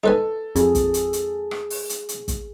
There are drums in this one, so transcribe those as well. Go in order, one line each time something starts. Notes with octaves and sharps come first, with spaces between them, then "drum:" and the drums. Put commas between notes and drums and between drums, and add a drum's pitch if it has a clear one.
D#4 A4 B4 G#5
F2 G#4, drum: hi-hat
drum: kick, hi-hat
drum: hi-hat
drum: hi-hat
drum: rim click
drum: open hi-hat
drum: hi-hat
drum: hi-hat
drum: kick, hi-hat